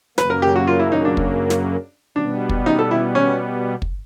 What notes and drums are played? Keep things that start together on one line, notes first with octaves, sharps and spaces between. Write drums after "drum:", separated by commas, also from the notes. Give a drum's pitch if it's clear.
F#2 C#3 F#3 A#3 B4, drum: snare
A#4
G4
F#4
F4
E4
D#4
D4
drum: kick
drum: snare
B2 G3 B3 D4
drum: kick
D#4
A4
E4
C#4
drum: kick